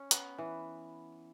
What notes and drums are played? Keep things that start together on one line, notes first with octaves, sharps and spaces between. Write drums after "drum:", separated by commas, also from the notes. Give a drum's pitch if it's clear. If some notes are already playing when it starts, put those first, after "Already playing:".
Already playing: C#4
B3, drum: hi-hat
E3